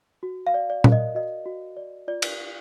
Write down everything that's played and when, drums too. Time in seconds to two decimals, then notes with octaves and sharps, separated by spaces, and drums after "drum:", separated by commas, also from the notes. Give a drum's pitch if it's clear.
0.23 F#4
0.47 F5
0.54 D5
0.70 D5
0.84 A#4, drum: tom A#2
0.92 D#5
1.15 F#4 D#5
1.46 F#4
1.77 D5
2.08 F4 D5
2.22 drum: cymbal